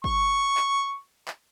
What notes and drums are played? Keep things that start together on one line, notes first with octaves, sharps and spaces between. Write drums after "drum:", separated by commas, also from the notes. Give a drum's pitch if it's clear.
C#6, drum: kick
drum: clap
drum: clap